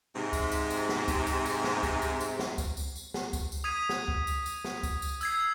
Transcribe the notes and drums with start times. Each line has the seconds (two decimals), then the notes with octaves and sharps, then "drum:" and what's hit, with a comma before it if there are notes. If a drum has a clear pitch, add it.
0.15 G#2 C3
0.33 drum: kick C#2, tambourine
0.52 drum: tambourine
0.70 drum: tambourine
0.89 drum: snare
1.08 drum: kick C#2, tambourine
1.27 drum: tambourine
1.45 drum: tambourine
1.64 drum: snare
1.83 drum: kick C#2, tambourine
2.02 drum: tambourine
2.21 drum: tambourine
2.39 drum: snare
2.58 drum: kick C#2, tambourine
2.77 drum: tambourine
2.96 drum: tambourine
3.14 drum: snare
3.33 drum: kick C#2, tambourine
3.52 drum: tambourine
3.64 D#6 G#6 B6 D#7
3.89 drum: snare
4.08 drum: kick C#2
4.27 drum: tambourine
4.46 drum: tambourine
4.65 drum: snare
4.83 drum: kick C#2, tambourine
5.02 drum: tambourine
5.21 E6 G#6 C7, drum: tambourine